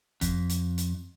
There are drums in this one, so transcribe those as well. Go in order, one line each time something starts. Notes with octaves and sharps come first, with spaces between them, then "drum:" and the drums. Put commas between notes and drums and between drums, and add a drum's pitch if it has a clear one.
F2, drum: kick F1, hi-hat
drum: hi-hat
drum: hi-hat